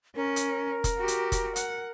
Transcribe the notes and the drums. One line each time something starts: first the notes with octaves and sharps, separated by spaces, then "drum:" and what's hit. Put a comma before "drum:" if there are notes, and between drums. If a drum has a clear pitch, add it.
C#4 A#4
drum: hi-hat
drum: kick F1, hi-hat
F#4 G4
drum: hi-hat
drum: kick F1, hi-hat
F#5, drum: hi-hat